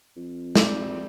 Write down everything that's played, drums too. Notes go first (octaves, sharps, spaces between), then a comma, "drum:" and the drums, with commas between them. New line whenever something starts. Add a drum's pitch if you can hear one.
F2
G3, drum: snare